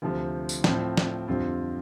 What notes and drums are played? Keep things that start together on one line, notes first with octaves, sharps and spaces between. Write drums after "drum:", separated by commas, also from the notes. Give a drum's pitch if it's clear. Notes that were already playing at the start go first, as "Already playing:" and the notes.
D2 C3 F3
drum: tambourine
A2 F3 C4, drum: snare
drum: snare
F2 D3 G3 C4 F4